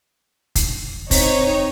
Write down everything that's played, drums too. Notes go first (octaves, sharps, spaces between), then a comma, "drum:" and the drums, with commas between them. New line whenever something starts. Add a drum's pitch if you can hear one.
drum: kick, hi-hat
C4 D#4 C#5, drum: kick, open hi-hat